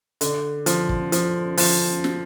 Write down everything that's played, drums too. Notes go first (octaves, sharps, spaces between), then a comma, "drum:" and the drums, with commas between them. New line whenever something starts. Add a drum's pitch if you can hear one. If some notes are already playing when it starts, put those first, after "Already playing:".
D3, drum: hi-hat
F3, drum: hi-hat
drum: kick
F3, drum: hi-hat
F3, drum: open hi-hat
drum: snare